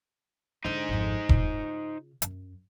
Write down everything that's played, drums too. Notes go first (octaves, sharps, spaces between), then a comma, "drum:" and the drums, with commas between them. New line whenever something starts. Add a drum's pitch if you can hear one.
D3 D4 D#4 C5
G#1 F2
C#3 F4, drum: kick E1
F#2, drum: hi-hat